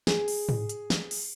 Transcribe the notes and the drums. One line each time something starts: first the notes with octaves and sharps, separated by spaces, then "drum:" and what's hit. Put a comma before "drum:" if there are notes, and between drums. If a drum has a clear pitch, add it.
G#4, drum: snare
drum: open hi-hat
drum: tom
drum: hi-hat
drum: snare
drum: open hi-hat